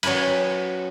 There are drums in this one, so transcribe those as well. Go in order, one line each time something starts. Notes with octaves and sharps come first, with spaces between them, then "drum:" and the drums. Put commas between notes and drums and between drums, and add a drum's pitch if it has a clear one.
F#3 C#4 B4 G#5 B5, drum: cymbal